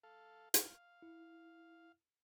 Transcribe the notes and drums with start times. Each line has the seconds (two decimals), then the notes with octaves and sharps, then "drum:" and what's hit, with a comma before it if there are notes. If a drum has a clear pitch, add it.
0.03 A4 F5
0.54 F5, drum: hi-hat
1.02 E4